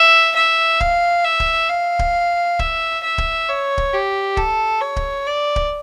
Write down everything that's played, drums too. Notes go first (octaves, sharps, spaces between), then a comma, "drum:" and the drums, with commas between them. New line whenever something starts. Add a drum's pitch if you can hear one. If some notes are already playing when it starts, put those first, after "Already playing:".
Already playing: E5
E5
F5, drum: kick D1
E5
drum: kick D1
F5
drum: kick D1
E5, drum: kick D1
E5
drum: kick D1
C#5
drum: kick D1
G4
A4, drum: kick D1
C#5
drum: kick D1
D5
drum: kick D1